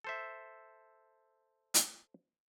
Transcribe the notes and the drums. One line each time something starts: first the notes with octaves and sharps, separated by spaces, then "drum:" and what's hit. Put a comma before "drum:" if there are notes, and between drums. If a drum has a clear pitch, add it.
A4 C5 E5
drum: hi-hat